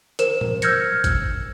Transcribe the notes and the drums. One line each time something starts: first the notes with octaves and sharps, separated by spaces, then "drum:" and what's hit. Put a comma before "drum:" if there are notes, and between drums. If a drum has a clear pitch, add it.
A#4 C5 E7, drum: hi-hat
drum: tom
E6 F6 G6 G#6 A#6 C#7, drum: hi-hat
drum: kick, hi-hat